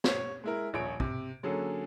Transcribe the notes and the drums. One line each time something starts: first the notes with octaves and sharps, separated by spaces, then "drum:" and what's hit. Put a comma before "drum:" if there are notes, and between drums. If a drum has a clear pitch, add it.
C#5, drum: snare
G#3 E4 A#4
D#1 A#1 C#5 D7
C3, drum: kick
D3 F#3 A#3 C#4 G#4 A4